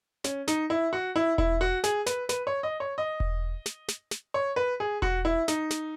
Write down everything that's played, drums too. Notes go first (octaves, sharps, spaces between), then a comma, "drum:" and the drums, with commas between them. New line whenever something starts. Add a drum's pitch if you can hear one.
C#4, drum: snare
D#4, drum: snare
E4
F#4
E4
E4, drum: kick E1
F#4
G#4, drum: snare
B4, drum: snare
B4, drum: snare
C#5
D#5
C#5
D#5
drum: kick E1
drum: snare
drum: snare
drum: snare
C#5
B4
G#4
F#4, drum: kick E1
E4
D#4, drum: snare
drum: snare